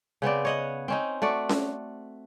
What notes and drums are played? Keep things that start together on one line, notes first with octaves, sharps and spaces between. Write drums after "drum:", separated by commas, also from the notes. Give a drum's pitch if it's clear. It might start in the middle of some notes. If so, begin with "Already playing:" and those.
C#3 B3 C4 D5
C#5 D#5 F#5
C4 C#4 D#4
A3 F#4 D5
drum: snare C#4